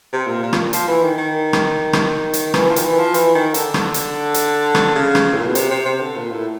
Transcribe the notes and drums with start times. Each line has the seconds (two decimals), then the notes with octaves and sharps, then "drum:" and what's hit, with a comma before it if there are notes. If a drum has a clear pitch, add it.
0.13 C3
0.27 A#2
0.43 A#2
0.53 drum: rim click
0.73 F3, drum: hi-hat
0.87 E3
1.03 D#3
1.18 D#3
1.53 drum: rim click
1.93 drum: rim click
2.33 drum: hi-hat
2.54 E3, drum: rim click
2.69 F3
2.76 D#3, drum: hi-hat
2.84 E3
2.99 F3
3.14 E3, drum: hi-hat
3.35 D#3
3.54 D3, drum: hi-hat
3.74 drum: rim click
3.94 drum: hi-hat
4.34 drum: hi-hat
4.75 drum: rim click
4.95 C#3
5.15 drum: rim click
5.33 A2
5.40 A#2
5.47 B2
5.55 C3, drum: hi-hat
5.70 C3
5.85 C3
6.00 D3
6.15 A#2
6.30 A2